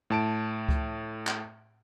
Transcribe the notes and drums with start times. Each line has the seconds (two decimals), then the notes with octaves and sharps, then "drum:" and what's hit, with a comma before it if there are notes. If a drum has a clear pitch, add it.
0.10 A2 A5 D7
0.69 drum: kick C#2
1.27 drum: clap